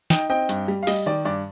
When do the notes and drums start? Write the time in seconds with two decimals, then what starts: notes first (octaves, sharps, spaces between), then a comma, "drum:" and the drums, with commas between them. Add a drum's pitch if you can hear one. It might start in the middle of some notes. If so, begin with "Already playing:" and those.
0.10 D#4 D#5 G5, drum: snare
0.30 C4 D#5 G5
0.49 G2, drum: hi-hat
0.68 G3
0.83 F5
0.87 G3 D#5, drum: open hi-hat
1.06 D#3 D5
1.25 G2 D5